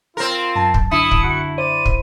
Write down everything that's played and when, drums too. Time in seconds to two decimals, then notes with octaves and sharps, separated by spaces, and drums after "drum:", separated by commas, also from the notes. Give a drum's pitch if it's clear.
0.17 C4 F4 A#4
0.56 F#2 A5
0.74 drum: kick
0.91 D3 E4 D#6 C#7
1.11 drum: kick
1.23 F#4
1.58 C5 D5 D#7
1.85 drum: kick